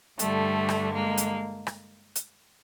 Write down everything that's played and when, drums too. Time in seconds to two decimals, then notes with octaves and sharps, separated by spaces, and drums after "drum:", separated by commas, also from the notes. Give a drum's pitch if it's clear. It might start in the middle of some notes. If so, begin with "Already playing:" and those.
0.19 G2 D3 G3 A3, drum: hi-hat
0.69 drum: rim click
0.93 G#3 A#3
1.18 drum: hi-hat
1.67 drum: rim click
2.16 drum: hi-hat